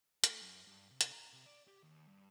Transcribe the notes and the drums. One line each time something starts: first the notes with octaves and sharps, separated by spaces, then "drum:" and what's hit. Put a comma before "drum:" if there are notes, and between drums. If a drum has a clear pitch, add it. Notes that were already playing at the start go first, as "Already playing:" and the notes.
A3, drum: hi-hat
F#2
G2
C3
drum: hi-hat
A#5
C3
D5
G4
D#2
G2